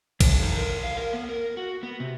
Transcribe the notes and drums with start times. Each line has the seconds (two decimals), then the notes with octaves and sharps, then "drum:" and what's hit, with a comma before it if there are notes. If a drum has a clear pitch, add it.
0.20 E3, drum: kick, cymbal
0.43 D#4
0.56 A#4
0.83 F5
0.97 A#4
1.13 B3
1.29 A#4
1.57 F#4
1.83 B3
2.00 C3